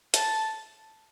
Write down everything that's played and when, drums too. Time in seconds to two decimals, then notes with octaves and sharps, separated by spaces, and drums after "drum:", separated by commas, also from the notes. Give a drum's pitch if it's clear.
0.14 A5, drum: hi-hat